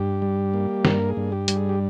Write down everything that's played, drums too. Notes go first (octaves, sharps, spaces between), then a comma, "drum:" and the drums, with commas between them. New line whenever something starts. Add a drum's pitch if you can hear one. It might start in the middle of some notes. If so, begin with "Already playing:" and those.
Already playing: G2 G4
G3
A#3
G2 A#4, drum: snare
G#4
G2
G4
G3, drum: hi-hat
G#4
G4